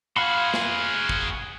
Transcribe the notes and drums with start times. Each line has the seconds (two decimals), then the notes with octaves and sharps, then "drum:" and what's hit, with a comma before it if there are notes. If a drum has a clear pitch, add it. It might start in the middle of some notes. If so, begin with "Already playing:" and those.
0.17 F#4 G#4 F5 B5 C6
0.54 drum: snare
1.09 drum: kick